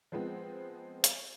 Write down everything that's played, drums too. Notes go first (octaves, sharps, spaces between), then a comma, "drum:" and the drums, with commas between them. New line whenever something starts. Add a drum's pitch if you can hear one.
F3 G#3 B3 C4
drum: hi-hat